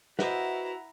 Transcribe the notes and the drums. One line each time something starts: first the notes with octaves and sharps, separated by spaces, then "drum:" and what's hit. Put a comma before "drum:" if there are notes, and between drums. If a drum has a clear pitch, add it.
E4 F#4 B4 C5 D#5 E5 F#5 A#5, drum: snare